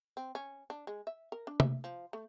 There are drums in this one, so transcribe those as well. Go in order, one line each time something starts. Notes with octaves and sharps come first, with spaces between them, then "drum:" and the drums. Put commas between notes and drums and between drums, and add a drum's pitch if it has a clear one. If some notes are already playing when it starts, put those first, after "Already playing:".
C4
C#4
D4
G#3
E5
A#4
D4
E5, drum: tom C3
F3
A3